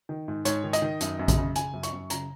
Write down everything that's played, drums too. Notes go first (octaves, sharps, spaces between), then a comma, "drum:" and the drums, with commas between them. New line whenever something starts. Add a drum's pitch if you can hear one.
D#3
G#2
G#2 C#5, drum: hi-hat
D#3
D#5, drum: hi-hat
D#3
F#2, drum: hi-hat
F#2
drum: kick A#1, hi-hat
C#3
C#3 G#5, drum: hi-hat
F#2
C#6, drum: hi-hat
F#2
C#3 A#5, drum: hi-hat